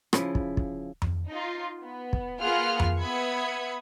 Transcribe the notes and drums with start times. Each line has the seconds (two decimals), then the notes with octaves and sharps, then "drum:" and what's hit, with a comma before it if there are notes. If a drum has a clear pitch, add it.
0.13 C#3 F3 E4, drum: rim click
0.35 drum: kick
0.57 drum: kick
1.02 drum: tom F2
1.28 D#4 F4
1.82 B3
2.13 drum: kick
2.40 A#3 F4 G#4 B4 F#5 F6
2.79 drum: tom F2
3.00 B3 E5 B5 D#6 G#6 C#7